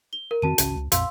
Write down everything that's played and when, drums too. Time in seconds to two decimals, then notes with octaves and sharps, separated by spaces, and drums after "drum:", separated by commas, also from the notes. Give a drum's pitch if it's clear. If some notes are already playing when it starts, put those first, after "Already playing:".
0.13 G7
0.31 A#4
0.42 F2 D#3 C4 F#4 A5 D#7
0.58 G#1 C#2 C#4, drum: hi-hat
0.75 C#2
0.92 A#1 F2 A#2 F5 C6 E6, drum: hi-hat